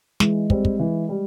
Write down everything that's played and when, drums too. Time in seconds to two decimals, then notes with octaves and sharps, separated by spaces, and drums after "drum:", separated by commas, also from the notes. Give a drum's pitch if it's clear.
0.20 E3 G#3, drum: snare
0.50 G3 C4, drum: kick
0.65 drum: kick
0.79 E3
1.09 G3